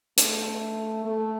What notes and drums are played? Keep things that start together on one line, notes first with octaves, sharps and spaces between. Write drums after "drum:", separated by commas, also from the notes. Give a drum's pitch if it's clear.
A3, drum: hi-hat
A3